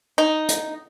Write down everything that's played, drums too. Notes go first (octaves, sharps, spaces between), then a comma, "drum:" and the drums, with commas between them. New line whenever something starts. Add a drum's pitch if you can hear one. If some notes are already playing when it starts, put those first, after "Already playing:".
D#4
drum: hi-hat